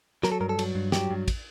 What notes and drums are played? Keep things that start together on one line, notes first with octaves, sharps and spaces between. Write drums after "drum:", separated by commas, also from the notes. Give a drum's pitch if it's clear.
F#3 A#4, drum: snare
A4
G2 A#4
A4
F#3, drum: cymbal
G2
F#3 G4, drum: snare
G2
drum: kick, cymbal